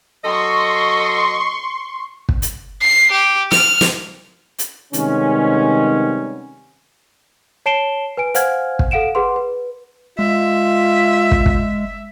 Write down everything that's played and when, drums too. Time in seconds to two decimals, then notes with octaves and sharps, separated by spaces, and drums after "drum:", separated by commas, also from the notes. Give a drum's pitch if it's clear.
0.25 F#3 A4 D#5 C6 C#6
2.29 drum: kick
2.42 drum: hi-hat
2.81 C7
3.12 G4
3.52 F6, drum: snare
3.81 drum: snare
4.59 drum: hi-hat
4.93 C3 D#3 G3 G#3 B3 C#4, drum: hi-hat
7.66 C#5 A5 C7 D7 E7 G7
8.17 B4 G#5 D7
8.35 C5 F5 F#5 G#5 F6 G#6, drum: hi-hat
8.79 drum: kick
8.91 A4 F5 F#5 D7 E7
9.15 G#4 B4 F#5 C6
9.36 B4
10.19 G#3 F4 E5
11.31 drum: kick
11.46 drum: kick